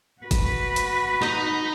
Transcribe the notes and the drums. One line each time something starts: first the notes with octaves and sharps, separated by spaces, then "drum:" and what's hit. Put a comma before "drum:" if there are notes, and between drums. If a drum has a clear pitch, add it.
F#4 B4
drum: kick, hi-hat
drum: hi-hat
D#4, drum: rim click